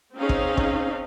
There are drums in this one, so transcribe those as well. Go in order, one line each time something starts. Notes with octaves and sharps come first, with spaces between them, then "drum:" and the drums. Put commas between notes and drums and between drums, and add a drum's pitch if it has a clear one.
C4 C#4 D#4 G#4 F5
drum: kick
drum: kick